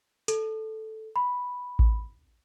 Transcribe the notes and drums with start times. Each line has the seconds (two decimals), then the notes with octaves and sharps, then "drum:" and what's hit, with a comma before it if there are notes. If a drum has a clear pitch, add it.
0.28 A4, drum: hi-hat
1.16 B5
1.79 drum: kick A1